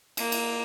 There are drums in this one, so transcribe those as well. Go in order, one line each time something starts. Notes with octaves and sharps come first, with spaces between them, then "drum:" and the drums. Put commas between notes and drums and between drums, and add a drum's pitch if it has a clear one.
A#3, drum: cymbal
drum: cymbal